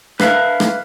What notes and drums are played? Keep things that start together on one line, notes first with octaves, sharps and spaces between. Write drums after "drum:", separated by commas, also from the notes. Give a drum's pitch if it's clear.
B4 E5 F5, drum: rim click
drum: rim click